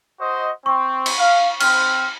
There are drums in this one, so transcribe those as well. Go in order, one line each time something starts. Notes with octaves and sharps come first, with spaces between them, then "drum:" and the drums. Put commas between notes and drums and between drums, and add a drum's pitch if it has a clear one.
F#4 C5 D#5
C4 C#6
drum: cymbal
F5
C4 F6, drum: cymbal